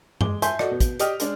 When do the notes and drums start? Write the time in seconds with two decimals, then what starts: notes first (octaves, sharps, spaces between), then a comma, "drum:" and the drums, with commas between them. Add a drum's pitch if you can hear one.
0.21 G#3 D6 G7, drum: tom G2
0.42 E5 G#5 A5 C6 G6, drum: hi-hat
0.59 F#4 A4 D5 D#5, drum: rim click
0.71 B2
0.80 drum: kick, hi-hat
1.00 G4 D5 D#5 G5 D#6 F6, drum: hi-hat
1.20 G#3 D4, drum: hi-hat